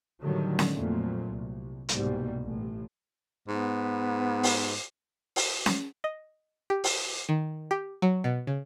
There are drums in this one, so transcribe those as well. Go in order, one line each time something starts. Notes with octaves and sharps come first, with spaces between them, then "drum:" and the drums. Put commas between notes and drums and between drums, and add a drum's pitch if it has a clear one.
A2 D3 D#3 F#3 G3
drum: snare C#4
F2 A#2 F#3 A3
C2
C2 G#2 B2 G3 A#3, drum: hi-hat
A1 A2
G#2 B3
drum: open hi-hat
drum: open hi-hat
drum: snare C#4
D#5
G4
drum: open hi-hat
D#3
G4
F#3
B2
C#3